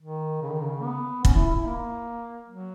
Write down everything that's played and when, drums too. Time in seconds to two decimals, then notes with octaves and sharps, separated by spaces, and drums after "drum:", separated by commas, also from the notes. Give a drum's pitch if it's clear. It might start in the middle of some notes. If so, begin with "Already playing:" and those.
0.01 D#3
0.42 C#3
0.53 D#3
0.64 C#3
0.83 B3
1.25 C#4, drum: kick
1.35 E4
1.45 E4
1.56 E4
1.66 A#3
2.48 F#3